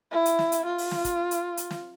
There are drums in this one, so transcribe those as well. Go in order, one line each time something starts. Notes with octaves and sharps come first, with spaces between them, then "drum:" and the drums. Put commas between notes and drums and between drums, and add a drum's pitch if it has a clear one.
E4
drum: hi-hat
drum: snare
drum: hi-hat
F4
drum: open hi-hat
drum: snare
drum: kick, hi-hat
drum: hi-hat
drum: hi-hat
drum: snare